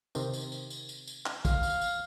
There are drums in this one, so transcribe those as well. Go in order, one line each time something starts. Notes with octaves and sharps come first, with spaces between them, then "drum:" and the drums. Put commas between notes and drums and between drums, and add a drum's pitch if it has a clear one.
C3 D#3 C4, drum: tambourine
drum: tambourine
drum: tambourine
drum: tambourine
drum: tambourine
drum: tambourine
drum: clap
F5, drum: kick, tambourine
drum: tambourine
drum: tambourine